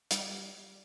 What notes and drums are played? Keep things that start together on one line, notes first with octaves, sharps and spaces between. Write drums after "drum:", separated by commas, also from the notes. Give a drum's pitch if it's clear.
G3 D6, drum: hi-hat